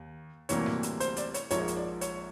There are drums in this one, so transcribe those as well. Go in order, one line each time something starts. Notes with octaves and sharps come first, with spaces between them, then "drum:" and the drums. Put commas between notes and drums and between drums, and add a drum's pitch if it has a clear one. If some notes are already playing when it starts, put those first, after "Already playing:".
Already playing: D#2
D2 C3 E3 G3 A#3 C#5, drum: hi-hat
drum: snare
drum: hi-hat
C5, drum: hi-hat
D5, drum: hi-hat
C#5, drum: hi-hat
A#1 G#2 F3 A#3 C#5, drum: hi-hat
drum: hi-hat
D5
C#5, drum: hi-hat